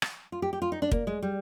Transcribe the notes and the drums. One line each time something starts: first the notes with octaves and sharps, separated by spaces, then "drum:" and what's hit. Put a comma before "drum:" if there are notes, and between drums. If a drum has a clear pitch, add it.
drum: rim click
F4
G4
G4
F4
D#4
D4
A#3, drum: kick
G#3
G3